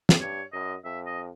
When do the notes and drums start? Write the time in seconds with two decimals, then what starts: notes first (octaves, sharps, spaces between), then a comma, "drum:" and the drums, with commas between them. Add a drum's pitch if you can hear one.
0.09 drum: snare
0.20 G2 C#5
0.52 F#2 D#5
0.85 F2 E5
1.06 D#5